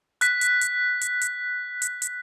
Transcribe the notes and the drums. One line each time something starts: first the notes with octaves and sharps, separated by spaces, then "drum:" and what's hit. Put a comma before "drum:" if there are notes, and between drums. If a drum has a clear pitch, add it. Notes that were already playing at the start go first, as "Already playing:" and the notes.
F#6 B6, drum: hi-hat
drum: hi-hat
drum: hi-hat
drum: hi-hat
drum: hi-hat
drum: hi-hat
drum: hi-hat